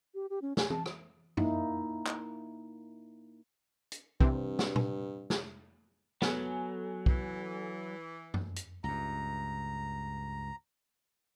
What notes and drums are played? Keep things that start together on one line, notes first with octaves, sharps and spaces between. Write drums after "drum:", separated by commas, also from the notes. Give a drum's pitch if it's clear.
G4
G4
C#4
G#5, drum: snare
A5, drum: tom
drum: rim click
A#3 D#4 E4, drum: tom F#2
drum: clap
drum: hi-hat
G2 C3 E3 C4, drum: kick
drum: snare
drum: tom A#2
drum: snare
F#3 B3 A4 G#5, drum: snare
E3, drum: kick
drum: tom F#2
drum: hi-hat
C#2 G2 A#5